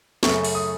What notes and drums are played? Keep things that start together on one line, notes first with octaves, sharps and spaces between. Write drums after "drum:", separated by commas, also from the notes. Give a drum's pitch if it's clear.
F#2 C#3 A3 C#4 C#6, drum: snare
drum: open hi-hat
D#6